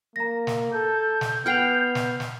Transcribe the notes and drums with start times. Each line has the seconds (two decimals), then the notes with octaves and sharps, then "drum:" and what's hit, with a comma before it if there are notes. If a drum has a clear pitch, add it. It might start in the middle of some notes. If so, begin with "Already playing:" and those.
0.16 A#3 A#5 A#6
0.47 drum: snare
0.72 A4 G6
1.21 drum: snare
1.46 B3 F#5 G5 F6 C7 F7
1.95 drum: snare
2.20 drum: snare